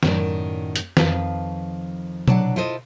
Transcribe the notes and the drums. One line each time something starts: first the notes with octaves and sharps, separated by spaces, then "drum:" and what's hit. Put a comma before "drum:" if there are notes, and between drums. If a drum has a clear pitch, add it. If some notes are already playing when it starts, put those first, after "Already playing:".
F#2 A2 D#3 D5, drum: snare E3
drum: hi-hat
F2 D#3 F3 B4 F5, drum: snare E3
F#3 D4 D5 F#5, drum: tom
E4 F4 A4 C5 D#5 E5